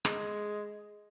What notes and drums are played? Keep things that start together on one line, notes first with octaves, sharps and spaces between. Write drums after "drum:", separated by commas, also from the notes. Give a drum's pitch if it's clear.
G#3, drum: rim click